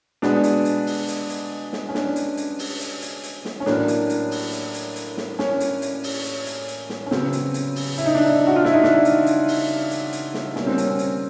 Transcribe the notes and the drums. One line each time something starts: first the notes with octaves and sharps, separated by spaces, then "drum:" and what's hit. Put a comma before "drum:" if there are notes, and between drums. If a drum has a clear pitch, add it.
B2 G#3 B3 D4, drum: snare
drum: hi-hat
drum: hi-hat
drum: open hi-hat
drum: hi-hat
drum: hi-hat
drum: snare
C#4
D4, drum: snare
drum: hi-hat
drum: hi-hat
drum: open hi-hat
drum: hi-hat
drum: hi-hat
drum: hi-hat
drum: snare
C#4
A2 F#3 A#3 D4, drum: snare
drum: hi-hat
drum: hi-hat
drum: open hi-hat
drum: hi-hat
drum: hi-hat
drum: hi-hat
drum: snare
C#4, drum: snare
drum: hi-hat
drum: hi-hat
drum: open hi-hat
drum: hi-hat
drum: hi-hat
drum: hi-hat
drum: snare
C#4
C#3 F#3 B3 C4, drum: snare
drum: hi-hat
drum: hi-hat
drum: open hi-hat
E4, drum: hi-hat
D#4
D4
D#4
F#4
F4
E4, drum: snare
D#4
D4, drum: snare
drum: hi-hat
drum: hi-hat
drum: open hi-hat
drum: hi-hat
drum: hi-hat
drum: snare
B2 G3 A#3 C#4, drum: snare
C4
C#4, drum: hi-hat
drum: hi-hat